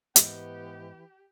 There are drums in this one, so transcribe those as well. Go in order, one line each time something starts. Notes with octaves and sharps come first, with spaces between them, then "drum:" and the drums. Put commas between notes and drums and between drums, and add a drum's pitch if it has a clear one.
G#2 E3 B3 G4 D#5, drum: hi-hat